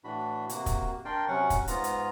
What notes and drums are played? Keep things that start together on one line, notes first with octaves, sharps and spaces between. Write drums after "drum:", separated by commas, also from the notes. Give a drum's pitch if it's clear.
A2 E3 D4 F#4 B5
C3 A#3 F#4, drum: hi-hat
drum: kick, hi-hat
D4 A#4 D5 G5 C6
C3 F#3 C#4 F#5 C#6
drum: kick, hi-hat
G#2 B3 F4 A#5, drum: hi-hat
drum: hi-hat